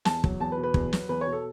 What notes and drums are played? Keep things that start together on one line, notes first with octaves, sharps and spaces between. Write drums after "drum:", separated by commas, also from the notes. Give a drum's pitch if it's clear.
E2 A5, drum: snare
F#3, drum: kick
E2 A5
B4
B2
B4
E2, drum: kick
F#3, drum: snare
E2 B4
C#5
B2
A4